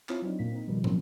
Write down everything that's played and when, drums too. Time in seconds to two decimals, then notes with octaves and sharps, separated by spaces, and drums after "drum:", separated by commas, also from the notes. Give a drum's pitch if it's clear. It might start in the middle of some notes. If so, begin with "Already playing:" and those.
0.09 C4 E4 F4 C#5, drum: clap
0.22 F#3 C4 D4 D#4
0.39 A#2 A#3 B6
0.52 C4 D#4
0.67 B2 D#3 F3 G3
0.84 F3 F#3 A#3 C4 C#4, drum: tom